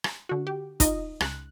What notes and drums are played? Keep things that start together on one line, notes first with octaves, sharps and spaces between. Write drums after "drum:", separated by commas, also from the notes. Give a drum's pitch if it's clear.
drum: rim click
D3 F#4
G4
D#4 F4 D#5, drum: kick, hi-hat
C#2 F#6, drum: rim click